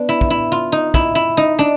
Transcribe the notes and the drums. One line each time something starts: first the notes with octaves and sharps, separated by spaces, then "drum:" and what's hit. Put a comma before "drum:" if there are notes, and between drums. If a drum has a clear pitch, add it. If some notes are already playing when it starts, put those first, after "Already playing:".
Already playing: B3 D4
E4
drum: kick
E4
F4
D#4
E4, drum: kick
E4
D#4
D4